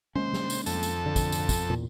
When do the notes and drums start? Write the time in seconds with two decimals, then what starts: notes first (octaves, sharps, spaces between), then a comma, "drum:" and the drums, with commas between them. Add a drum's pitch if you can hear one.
0.15 G#3 A#3 C#4 C5, drum: tom D#3
0.33 drum: snare
0.50 drum: tambourine
0.66 F2 A4, drum: tambourine
0.83 drum: tambourine
1.06 D3
1.16 drum: kick, tambourine
1.32 drum: tambourine
1.49 drum: kick, tambourine
1.70 E2 A#2